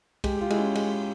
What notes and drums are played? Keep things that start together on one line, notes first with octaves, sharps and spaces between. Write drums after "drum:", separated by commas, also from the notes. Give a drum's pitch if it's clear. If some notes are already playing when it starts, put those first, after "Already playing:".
G#3 G4, drum: kick B1, cymbal
G4
F4
G#3 E4, drum: cymbal
C#4
G#3, drum: cymbal